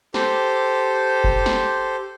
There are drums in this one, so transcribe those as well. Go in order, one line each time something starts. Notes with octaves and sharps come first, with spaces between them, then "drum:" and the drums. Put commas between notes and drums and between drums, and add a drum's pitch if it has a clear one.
G4 A4 C5, drum: snare
drum: kick F1
drum: snare